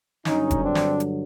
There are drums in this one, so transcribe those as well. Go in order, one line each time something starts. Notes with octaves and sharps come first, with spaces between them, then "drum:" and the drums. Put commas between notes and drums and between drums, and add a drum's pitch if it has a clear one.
G2 D3 F#3 C#4 D#4, drum: snare
drum: kick F1, hi-hat
C4 D4
drum: snare
drum: hi-hat